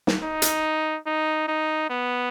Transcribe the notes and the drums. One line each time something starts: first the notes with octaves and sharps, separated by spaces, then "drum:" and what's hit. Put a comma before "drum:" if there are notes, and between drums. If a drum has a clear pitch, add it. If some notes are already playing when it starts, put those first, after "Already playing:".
drum: snare
D#4
drum: hi-hat
D#4
D#4
B3